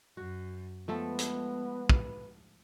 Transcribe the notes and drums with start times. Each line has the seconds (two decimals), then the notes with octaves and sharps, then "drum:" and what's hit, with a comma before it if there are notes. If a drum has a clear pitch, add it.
0.17 F#2 F#4
0.88 F3 G#3 A3 B3 A4 B4
1.19 drum: hi-hat
1.89 drum: kick